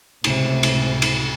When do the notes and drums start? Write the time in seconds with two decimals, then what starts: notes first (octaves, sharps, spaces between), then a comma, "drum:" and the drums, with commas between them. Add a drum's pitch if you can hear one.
0.24 C#2 A2 C3, drum: cymbal
0.63 drum: cymbal
1.02 drum: cymbal